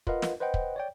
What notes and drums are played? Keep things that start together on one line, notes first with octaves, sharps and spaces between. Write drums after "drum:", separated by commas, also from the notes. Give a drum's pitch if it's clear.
F4 A#4 B4 D#5 F5 F#5, drum: kick
drum: snare
B4 C5 D#5 F#5 G5
drum: kick
C#5 D5 G5